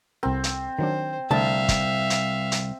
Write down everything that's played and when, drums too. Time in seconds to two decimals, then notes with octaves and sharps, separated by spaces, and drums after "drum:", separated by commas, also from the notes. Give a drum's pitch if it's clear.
0.23 C2 C4 A#4
0.44 drum: hi-hat
0.79 D#3 F#3 D4 C5
1.31 C2 D3 A3 A#4 E5 F5 A5
1.68 drum: kick, hi-hat
2.10 drum: hi-hat
2.52 drum: hi-hat